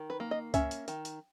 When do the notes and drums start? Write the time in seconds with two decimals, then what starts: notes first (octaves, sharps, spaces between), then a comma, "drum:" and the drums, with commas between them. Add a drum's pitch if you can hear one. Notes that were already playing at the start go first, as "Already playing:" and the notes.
Already playing: D#3
0.10 B4
0.20 A#3
0.31 D#5
0.54 C#4 E5, drum: kick C#2, hi-hat
0.71 drum: hi-hat
0.88 D#3, drum: hi-hat
1.05 drum: hi-hat